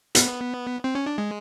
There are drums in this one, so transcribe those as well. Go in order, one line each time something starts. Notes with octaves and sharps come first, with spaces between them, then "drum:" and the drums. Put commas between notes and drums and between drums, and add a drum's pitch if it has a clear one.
B3, drum: hi-hat
C4
C#4
D4
G#3